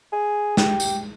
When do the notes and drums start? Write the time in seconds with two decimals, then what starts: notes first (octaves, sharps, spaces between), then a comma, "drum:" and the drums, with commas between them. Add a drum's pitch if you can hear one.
0.12 G#4
0.57 G4, drum: snare
0.80 drum: tambourine